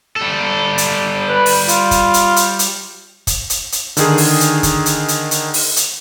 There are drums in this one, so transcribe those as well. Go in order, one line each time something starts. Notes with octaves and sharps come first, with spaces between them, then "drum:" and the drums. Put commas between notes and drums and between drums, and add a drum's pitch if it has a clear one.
G3 A4
drum: hi-hat
B4
drum: open hi-hat
F4, drum: hi-hat
drum: kick, hi-hat
drum: hi-hat
drum: hi-hat
drum: hi-hat
drum: kick, hi-hat
drum: hi-hat
drum: hi-hat
D3 D#3 G#4, drum: hi-hat
drum: open hi-hat
drum: hi-hat
drum: kick, hi-hat
drum: hi-hat
drum: hi-hat
drum: hi-hat
drum: open hi-hat
drum: hi-hat